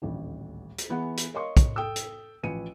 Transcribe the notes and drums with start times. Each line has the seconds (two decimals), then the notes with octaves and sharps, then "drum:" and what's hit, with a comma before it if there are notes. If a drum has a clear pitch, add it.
0.02 D#1 A1 D2
0.78 drum: hi-hat
0.90 E3 B3 E4 G#4 F#5
1.17 drum: hi-hat
1.34 A#4 C#5 D#5 F5 C6 C#6
1.57 drum: kick, hi-hat
1.76 A4 G5 D#6 E6
1.96 drum: hi-hat
2.43 A1 F3 B4 G#5 C#7 D#7